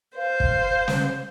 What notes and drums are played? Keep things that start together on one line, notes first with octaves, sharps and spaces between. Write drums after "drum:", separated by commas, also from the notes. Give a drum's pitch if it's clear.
C5 F5
drum: kick
drum: snare